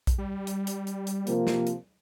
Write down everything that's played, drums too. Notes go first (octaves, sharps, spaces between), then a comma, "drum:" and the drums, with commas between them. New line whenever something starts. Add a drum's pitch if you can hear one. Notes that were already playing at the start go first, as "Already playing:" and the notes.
drum: kick A#1, hi-hat
G3
drum: hi-hat
drum: hi-hat
drum: hi-hat
drum: hi-hat
C3 F3 A#3, drum: hi-hat
drum: snare
drum: hi-hat